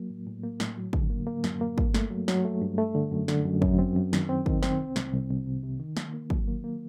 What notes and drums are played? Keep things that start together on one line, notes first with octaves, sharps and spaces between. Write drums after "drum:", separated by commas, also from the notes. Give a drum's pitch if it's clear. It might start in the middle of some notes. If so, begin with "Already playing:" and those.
Already playing: F#3 A#3
A2
A2
A#3
A2, drum: snare
F#3
D3, drum: kick
A#3
A#3
F#2, drum: snare
A#3
G2, drum: kick
A3, drum: snare
F#3
F#3, drum: snare
A3
G2
A3
D3
F#2
D3, drum: snare
F#2
F#2, drum: kick
C4
F#2
D#3, drum: snare
C4
D#3, drum: kick
C4, drum: snare
C2
C2, drum: snare
C2
C2
C3
C3
D#3
A#3, drum: snare
A#3
F#3, drum: kick
A#3
A#3